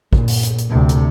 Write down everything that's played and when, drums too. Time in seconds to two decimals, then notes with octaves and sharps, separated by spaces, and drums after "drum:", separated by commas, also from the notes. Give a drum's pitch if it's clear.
0.13 A#2, drum: kick
0.28 drum: open hi-hat
0.43 drum: hi-hat
0.59 drum: hi-hat
0.70 D2 C3
0.89 drum: hi-hat